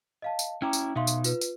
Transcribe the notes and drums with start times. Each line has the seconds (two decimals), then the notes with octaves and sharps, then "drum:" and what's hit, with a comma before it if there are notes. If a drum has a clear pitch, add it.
0.22 D#5 F5 A5
0.39 drum: tambourine
0.62 C#4 E4 G5 A#5 D6
0.73 drum: tambourine
0.96 B2 D#4 E5 F5 C6
1.07 drum: tambourine
1.24 F4 B4, drum: tambourine
1.41 drum: tambourine